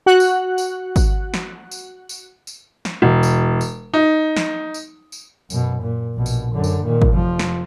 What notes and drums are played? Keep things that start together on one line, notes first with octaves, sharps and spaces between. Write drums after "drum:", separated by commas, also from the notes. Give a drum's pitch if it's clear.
F#4 F#5 F#6
drum: tambourine
drum: tambourine
drum: kick G#1, tambourine
drum: snare
drum: tambourine
drum: tambourine
drum: tambourine
drum: snare
E1
drum: tambourine
drum: tambourine
D#4
drum: snare
drum: tambourine
drum: tambourine
F#2 B2, drum: tambourine
A#2
A#1 B2
drum: tambourine
F#2 D3
drum: tambourine
A#2 D#3
drum: kick G#1
F1 F3
drum: snare